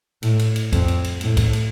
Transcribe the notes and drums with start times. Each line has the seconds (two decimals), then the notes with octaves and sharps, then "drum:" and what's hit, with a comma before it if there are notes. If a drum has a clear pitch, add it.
0.23 A2, drum: cymbal
0.39 drum: cymbal
0.56 drum: cymbal
0.73 F2, drum: kick, cymbal
0.88 drum: cymbal
1.04 drum: cymbal
1.21 A2, drum: cymbal
1.37 drum: kick, cymbal
1.53 drum: cymbal